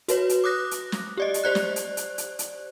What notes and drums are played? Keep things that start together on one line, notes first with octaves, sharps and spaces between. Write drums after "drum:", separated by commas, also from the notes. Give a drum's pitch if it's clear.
F#4 B4 C#5, drum: hi-hat
drum: hi-hat
D6 D#6 F#6 A#6
drum: hi-hat
drum: snare
G4 D5 D#5
drum: hi-hat
G4 C5 D5 F#6
drum: snare
drum: hi-hat
drum: hi-hat
drum: hi-hat
drum: hi-hat